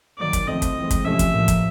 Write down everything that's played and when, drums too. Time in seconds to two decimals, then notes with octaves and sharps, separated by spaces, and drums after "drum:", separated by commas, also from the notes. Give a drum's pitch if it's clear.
0.18 D#3 F#3 A#3 D5
0.33 drum: kick, hi-hat
0.47 D3 F3 A3 C4 D#5
0.62 drum: kick, hi-hat
0.77 E3 G#3 C4
0.91 drum: kick, hi-hat
1.05 C3 F3 A3 C#4 E5
1.19 drum: kick, hi-hat
1.33 A2 F3 A#3
1.48 drum: kick, hi-hat